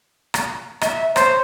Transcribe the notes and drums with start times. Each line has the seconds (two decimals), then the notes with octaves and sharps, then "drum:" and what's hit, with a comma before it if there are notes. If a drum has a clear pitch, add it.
0.34 drum: rim click
0.81 E5, drum: rim click
1.16 C5 C#5, drum: rim click